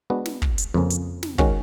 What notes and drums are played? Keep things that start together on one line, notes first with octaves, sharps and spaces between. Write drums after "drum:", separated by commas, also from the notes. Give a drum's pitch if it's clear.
G#3 B3 D4 F#4
drum: snare
drum: kick
drum: hi-hat
F2 C#3 F3 A#3 C#4
drum: hi-hat
drum: snare
D#3 G#3 C#4 F#4, drum: kick